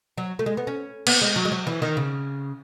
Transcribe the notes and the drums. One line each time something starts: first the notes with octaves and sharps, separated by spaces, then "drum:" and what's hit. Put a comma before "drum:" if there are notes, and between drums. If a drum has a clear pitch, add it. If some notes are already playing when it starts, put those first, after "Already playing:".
F#3
A3
G#3
B3
C#4
B3, drum: cymbal
G#3
F#3
G#3
F#3
E3
D#3
C#3